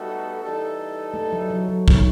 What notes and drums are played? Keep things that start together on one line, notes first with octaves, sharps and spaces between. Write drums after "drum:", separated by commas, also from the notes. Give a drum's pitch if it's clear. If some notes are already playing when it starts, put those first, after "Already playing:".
Already playing: G3 A3 B3 D#4 F#4 A4
E3 G3 D#4 A4
A3
F#3
F#3
F#3
D#3, drum: kick